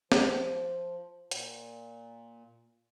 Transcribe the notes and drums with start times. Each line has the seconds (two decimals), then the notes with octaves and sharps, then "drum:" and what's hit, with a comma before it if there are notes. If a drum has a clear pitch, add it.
0.12 F3, drum: snare
1.31 A#2, drum: hi-hat